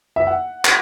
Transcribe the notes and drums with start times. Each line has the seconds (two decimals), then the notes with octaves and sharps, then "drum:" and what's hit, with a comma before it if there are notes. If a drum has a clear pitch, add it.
0.16 E5
0.27 F#5
0.65 drum: clap